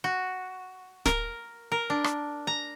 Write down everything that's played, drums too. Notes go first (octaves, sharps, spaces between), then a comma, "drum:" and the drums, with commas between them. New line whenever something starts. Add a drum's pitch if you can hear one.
F#4
A#4, drum: snare
A#4
D4
drum: rim click
A#5